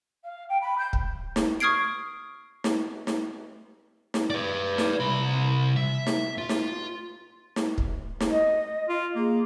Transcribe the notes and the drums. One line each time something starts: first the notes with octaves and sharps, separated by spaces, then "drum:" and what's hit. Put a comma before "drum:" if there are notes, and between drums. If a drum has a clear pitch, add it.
F5
G5
B5
G6
drum: kick
drum: snare
C#6 D#6 F6 G#6 C7 D7
drum: snare
drum: snare
drum: snare
B4 D5
drum: snare
C2 B5
E5
drum: snare
F4
drum: snare
drum: snare
drum: kick
drum: snare
D#5
F4
A#3 G#4